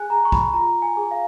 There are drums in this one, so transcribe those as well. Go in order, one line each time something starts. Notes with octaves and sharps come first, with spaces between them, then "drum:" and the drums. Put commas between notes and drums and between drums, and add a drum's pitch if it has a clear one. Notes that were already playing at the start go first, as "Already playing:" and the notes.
Already playing: G#4 G#5 F#6
G#4 A#5
C#6
B5, drum: kick
F4 A#5
G#5
G#4
F5